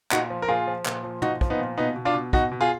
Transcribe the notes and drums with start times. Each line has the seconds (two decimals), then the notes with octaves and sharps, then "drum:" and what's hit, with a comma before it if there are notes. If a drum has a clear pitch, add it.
0.11 A#2 D#4 F#4, drum: clap
0.30 F3
0.42 A#4
0.48 A#2 F4 G#4
0.67 F3
0.86 A#2, drum: clap
1.04 F3
1.22 A#2 D#4 F#4, drum: tom
1.41 F3, drum: kick
1.50 B3 D#4
1.59 A#2
1.78 B2 B3 D#4
1.96 B2
2.05 D4 F4
2.14 B2
2.33 B2 D#4 F#4, drum: kick
2.52 B2
2.61 F4 G#4